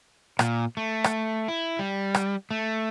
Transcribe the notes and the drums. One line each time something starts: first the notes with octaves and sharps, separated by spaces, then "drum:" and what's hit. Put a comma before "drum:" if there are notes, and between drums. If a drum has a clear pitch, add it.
A#2, drum: rim click
A3
drum: rim click
E4
G3
drum: rim click
A3